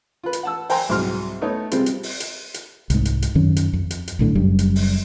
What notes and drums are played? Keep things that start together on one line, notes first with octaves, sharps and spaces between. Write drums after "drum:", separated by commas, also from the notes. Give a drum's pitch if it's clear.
F4 B4
drum: hi-hat
F#5 A5 E6
C5 G5 G#5 A#5 C6, drum: open hi-hat
C2 G#2 F#3 C6 F6
A3 B3 D#4 C#5
C3 G3 G#3 C4 F4, drum: hi-hat
drum: hi-hat
drum: open hi-hat
drum: hi-hat
drum: hi-hat
C2 G#2, drum: hi-hat
drum: hi-hat
drum: hi-hat
F#2 D#3 C#4
drum: hi-hat
F2
drum: hi-hat
drum: hi-hat
B1 A2 D3
F#1 F#2 G3
drum: hi-hat
drum: open hi-hat